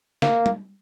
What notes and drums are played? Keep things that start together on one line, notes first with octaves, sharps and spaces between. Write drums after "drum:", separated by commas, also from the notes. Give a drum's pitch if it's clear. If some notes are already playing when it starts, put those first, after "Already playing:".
A#3, drum: snare
drum: tom